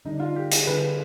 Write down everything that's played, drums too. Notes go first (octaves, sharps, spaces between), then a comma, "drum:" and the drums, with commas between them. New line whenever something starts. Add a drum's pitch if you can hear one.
D3 G3 D4 D#4
F4
G4
G#4, drum: hi-hat
D3 G3 D4 B4